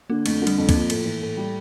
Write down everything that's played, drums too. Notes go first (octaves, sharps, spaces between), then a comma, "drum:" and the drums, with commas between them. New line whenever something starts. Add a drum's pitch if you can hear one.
D3 A#3
F2 A3, drum: cymbal
D3
G3, drum: cymbal
F2
F3 A#3, drum: kick, cymbal
A2, drum: cymbal
E3
A2
G3